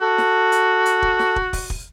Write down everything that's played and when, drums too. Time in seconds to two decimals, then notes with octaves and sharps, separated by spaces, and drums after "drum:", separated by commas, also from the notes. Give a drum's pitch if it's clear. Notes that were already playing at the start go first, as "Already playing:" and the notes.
0.01 F#4 A4
0.18 drum: snare
0.52 drum: hi-hat
0.86 drum: hi-hat
1.02 drum: kick
1.19 drum: snare
1.36 drum: kick
1.53 drum: kick, open hi-hat
1.70 drum: kick